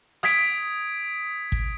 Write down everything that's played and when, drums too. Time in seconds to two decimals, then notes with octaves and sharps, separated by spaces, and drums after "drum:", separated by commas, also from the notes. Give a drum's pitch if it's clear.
0.23 D#6 G#6 B6 D7, drum: rim click
1.52 drum: kick